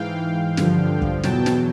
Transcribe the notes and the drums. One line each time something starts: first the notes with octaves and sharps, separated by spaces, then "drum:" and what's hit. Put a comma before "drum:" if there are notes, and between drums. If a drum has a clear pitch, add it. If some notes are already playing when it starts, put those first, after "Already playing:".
Already playing: G#2 E3 F5 G5
G2 D3 F3, drum: snare
drum: kick
E2 B2 F#3 G5 A5, drum: snare
drum: snare